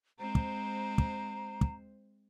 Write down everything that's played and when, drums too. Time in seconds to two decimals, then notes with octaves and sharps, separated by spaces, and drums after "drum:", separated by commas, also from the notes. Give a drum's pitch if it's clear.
0.19 G#3 C4 C5 A#5
0.35 drum: kick
0.98 drum: kick
1.61 drum: kick